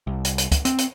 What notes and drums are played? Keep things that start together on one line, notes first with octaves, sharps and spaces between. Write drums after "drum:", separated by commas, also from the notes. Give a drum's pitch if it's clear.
C2
drum: hi-hat
drum: hi-hat
drum: kick, hi-hat
C4, drum: hi-hat
drum: hi-hat